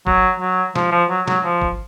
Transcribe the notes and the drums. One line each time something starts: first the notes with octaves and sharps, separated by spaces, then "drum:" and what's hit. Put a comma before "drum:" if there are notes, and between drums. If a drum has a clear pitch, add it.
F#3, drum: kick G#1
F#3
F3, drum: snare
F3
F#3
F#3, drum: snare
F3
drum: kick G#1